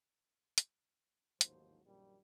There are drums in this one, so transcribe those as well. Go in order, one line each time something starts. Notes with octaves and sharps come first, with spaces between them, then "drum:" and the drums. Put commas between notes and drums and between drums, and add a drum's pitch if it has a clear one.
drum: hi-hat
A1 D#2 G#2 F3 F#3 C5, drum: hi-hat
A#1 F#2 A#2 D#3 G3